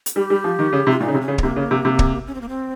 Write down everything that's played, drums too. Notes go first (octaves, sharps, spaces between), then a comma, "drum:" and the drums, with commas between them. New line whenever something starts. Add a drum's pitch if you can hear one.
drum: hi-hat
G3 G4
G3
F3
D#3
C#3
C3
F4
A#2 D#4
C#3
C3
C#4
C#3
C4, drum: kick
C3 A#3
C#3
C3
C3
drum: kick
C#4
C4
A#3
C4